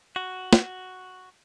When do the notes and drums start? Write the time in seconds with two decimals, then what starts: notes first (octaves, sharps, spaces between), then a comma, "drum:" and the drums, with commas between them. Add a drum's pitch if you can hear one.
0.16 F#4
0.53 drum: snare